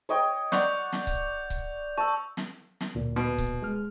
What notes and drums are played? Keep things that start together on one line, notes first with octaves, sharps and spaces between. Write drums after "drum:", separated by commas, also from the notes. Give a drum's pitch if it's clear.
C#5 D#5 G5
D5 F#5 C#6 G6 F7, drum: snare
drum: snare
drum: kick C#1
drum: kick C#1
A5 C#6 E6
drum: snare
drum: snare
D2 A#2
B2
drum: kick C#1
G#3 F6